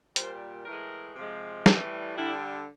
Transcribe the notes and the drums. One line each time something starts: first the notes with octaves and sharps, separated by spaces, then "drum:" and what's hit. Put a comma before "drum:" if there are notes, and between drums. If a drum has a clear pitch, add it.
A#2 G3 C5, drum: hi-hat
A2 E3 G#3 A#4
C3 F3 G#3
A2 E3 G3, drum: snare
D3 G3 E4